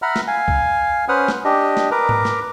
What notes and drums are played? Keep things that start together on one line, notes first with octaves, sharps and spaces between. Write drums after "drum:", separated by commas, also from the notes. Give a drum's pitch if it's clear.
E5 F#5 A#5 B5 F6
drum: snare
F5 G#5
drum: kick C2
C#4 B4 C5 F#5 D#6 F6
drum: snare
D4 G4 D#5
drum: snare
A#4 B4 A#5 D6
drum: tom G#2
drum: snare